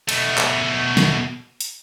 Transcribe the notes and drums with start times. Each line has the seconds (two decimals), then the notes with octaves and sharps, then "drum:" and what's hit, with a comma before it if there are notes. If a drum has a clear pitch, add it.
0.09 B2 A3, drum: cymbal
0.38 drum: clap
0.97 drum: snare
1.61 drum: hi-hat